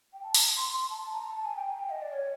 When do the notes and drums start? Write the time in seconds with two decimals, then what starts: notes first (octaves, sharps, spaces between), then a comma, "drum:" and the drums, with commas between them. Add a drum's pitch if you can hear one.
0.13 G5
0.23 A5
0.34 A#5, drum: open hi-hat
0.57 C6
0.69 C6
0.80 C6
0.90 A5
1.01 A5
1.12 A#5
1.29 A5
1.45 G#5
1.57 G5
1.68 G#5
1.79 G5
1.90 D#5
2.02 D5
2.12 C#5